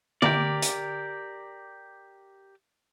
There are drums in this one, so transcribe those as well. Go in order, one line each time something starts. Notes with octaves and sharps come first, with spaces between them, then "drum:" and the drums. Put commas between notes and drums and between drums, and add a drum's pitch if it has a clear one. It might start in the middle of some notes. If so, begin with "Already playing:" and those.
G4 A#4 D5, drum: tom
drum: hi-hat